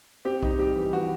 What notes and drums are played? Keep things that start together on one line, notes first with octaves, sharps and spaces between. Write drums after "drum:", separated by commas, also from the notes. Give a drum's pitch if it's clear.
C4 G4
D#4, drum: kick B1
G3 G4
E3
E3 F#4